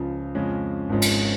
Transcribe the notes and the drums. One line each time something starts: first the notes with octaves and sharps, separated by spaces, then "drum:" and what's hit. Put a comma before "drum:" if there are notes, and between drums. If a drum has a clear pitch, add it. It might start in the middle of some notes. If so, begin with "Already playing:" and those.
Already playing: C#2 C#3 F3
F2 C#3 G#3 C#4
G#1 G#2 F3 G#3 C#4
drum: cymbal